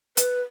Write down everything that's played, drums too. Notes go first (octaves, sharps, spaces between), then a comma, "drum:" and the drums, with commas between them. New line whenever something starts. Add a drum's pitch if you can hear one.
B4, drum: hi-hat